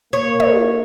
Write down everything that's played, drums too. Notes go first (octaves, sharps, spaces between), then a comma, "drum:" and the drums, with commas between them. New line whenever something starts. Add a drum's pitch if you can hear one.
A#3 C#5
drum: tom